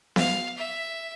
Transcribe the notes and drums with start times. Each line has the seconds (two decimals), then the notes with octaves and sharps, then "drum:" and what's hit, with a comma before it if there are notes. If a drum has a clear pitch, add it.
0.16 F5, drum: snare B3
0.57 E5